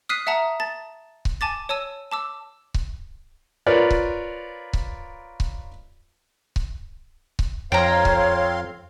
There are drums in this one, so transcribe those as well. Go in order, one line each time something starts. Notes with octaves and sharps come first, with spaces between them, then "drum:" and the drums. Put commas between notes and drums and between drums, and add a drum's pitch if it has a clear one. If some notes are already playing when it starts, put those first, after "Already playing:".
D#6 F6 F#6 B6 C7 D#7
E5 F#5 A5 A#5 D#6
A5 A6
drum: kick C#1
G#5 A5 D6 A6
C#5 A5 E6 D#7
A5 D6 E6
drum: kick C#1
F4 A#4 B4 C#5 D5
drum: kick C#1
drum: kick C#1
drum: kick C#1
drum: kick C#1
drum: kick C#1
F2 C4 C#5 F5 G5 A#5 C6
drum: kick C#1